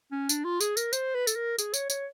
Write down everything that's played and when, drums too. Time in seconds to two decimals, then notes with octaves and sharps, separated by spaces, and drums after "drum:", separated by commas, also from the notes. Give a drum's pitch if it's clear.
0.12 C#4
0.29 D4, drum: tambourine
0.44 F4
0.61 G#4, drum: tambourine
0.77 A#4, drum: tambourine
0.93 C5, drum: tambourine
1.15 B4
1.27 A4, drum: tambourine
1.36 A#4
1.59 G#4, drum: tambourine
1.74 C#5, drum: tambourine
1.90 C#5, drum: tambourine